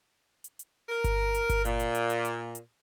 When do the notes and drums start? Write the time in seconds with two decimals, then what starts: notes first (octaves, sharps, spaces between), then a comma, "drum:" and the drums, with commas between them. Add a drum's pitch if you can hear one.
0.44 drum: hi-hat
0.59 drum: hi-hat
0.89 A#4
1.04 drum: kick G1, hi-hat
1.34 drum: hi-hat
1.49 drum: kick G1, hi-hat
1.65 A#2, drum: hi-hat
1.80 drum: hi-hat
1.95 drum: hi-hat
2.10 drum: hi-hat
2.25 drum: hi-hat
2.55 drum: hi-hat